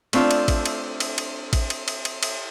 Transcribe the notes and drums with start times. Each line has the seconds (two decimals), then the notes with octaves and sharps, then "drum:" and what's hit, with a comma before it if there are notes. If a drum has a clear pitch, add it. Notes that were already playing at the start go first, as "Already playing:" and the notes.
0.13 A3 C4 D4 F4, drum: cymbal
0.31 drum: cymbal
0.48 drum: kick A1, cymbal
0.65 drum: cymbal
1.00 drum: cymbal
1.18 drum: cymbal
1.53 drum: kick A1, cymbal
1.70 drum: cymbal
1.88 drum: cymbal
2.05 drum: cymbal
2.23 drum: cymbal